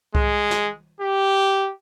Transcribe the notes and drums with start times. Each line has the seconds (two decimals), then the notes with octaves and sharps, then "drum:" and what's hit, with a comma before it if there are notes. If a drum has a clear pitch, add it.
0.15 G#3, drum: kick C2
0.51 drum: snare
1.01 G4